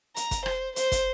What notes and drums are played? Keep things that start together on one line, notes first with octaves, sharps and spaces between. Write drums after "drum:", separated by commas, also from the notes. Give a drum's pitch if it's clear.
A#5, drum: hi-hat
drum: kick, hi-hat
C5, drum: rim click
C5, drum: hi-hat
drum: kick, hi-hat